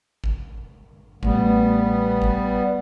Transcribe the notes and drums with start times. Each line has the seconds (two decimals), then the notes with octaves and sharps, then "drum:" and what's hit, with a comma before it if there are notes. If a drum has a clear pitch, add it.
0.24 drum: kick G#1
1.23 A1 G3 B3, drum: kick G#1
2.22 drum: kick G#1